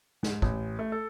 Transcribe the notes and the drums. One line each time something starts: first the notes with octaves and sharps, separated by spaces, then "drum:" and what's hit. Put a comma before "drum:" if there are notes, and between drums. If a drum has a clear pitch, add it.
G#2, drum: snare
A1, drum: kick
A3
A4